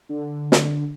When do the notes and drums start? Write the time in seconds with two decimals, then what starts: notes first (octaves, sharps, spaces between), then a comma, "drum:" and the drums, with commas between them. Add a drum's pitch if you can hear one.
0.09 D3
0.52 drum: snare